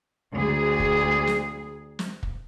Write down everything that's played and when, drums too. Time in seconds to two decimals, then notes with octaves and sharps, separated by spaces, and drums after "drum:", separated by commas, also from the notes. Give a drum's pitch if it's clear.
0.32 D2 G#4
0.80 drum: kick
1.27 drum: snare
1.99 drum: snare
2.23 drum: kick